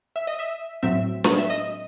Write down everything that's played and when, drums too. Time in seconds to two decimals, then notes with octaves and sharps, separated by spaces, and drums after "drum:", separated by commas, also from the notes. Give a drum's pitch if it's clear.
0.16 E5
0.27 D#5
0.39 E5
0.83 A2 F#3 C4 E5
1.24 drum: snare
1.38 E5
1.50 D#5